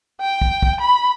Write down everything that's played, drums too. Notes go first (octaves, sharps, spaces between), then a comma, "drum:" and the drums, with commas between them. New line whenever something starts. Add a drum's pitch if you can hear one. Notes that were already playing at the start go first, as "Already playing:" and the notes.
G5
drum: kick
drum: kick
B5